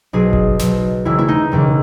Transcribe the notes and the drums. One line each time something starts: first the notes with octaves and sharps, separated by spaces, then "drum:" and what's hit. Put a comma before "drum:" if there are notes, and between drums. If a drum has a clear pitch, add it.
B1 B2 G#4
drum: kick G1
B1 B2, drum: snare
E1 D#2 C#3 E3 E4
E4, drum: tom A3
D#4
E1 D#2 C#3 E3